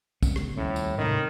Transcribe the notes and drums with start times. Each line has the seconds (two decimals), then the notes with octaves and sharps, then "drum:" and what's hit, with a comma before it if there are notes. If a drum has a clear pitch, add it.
0.23 C#2 B3 C#4, drum: kick, tambourine
0.36 drum: rim click
0.57 D#2 A2 G3 C#4
0.76 drum: tambourine
0.98 G#2 C3 D#3